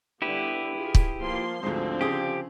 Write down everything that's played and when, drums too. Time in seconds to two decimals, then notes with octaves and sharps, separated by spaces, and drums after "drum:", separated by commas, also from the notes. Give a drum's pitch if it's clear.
0.22 D3 G3 B3 E4 G4 B4
0.76 F4 G#4
0.95 drum: kick
1.21 F3 A#3 F4 C6
1.63 D2 G#2 D3 F3 C4
2.01 C#3 G4 G#4 D#6